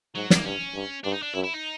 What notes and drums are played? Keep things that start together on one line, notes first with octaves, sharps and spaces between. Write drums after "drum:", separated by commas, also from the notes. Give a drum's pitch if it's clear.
G#2 F#3
A#3, drum: snare
G2 C#4
G2
G2 D4
D#4
D4
F#2 E4
E4
D#4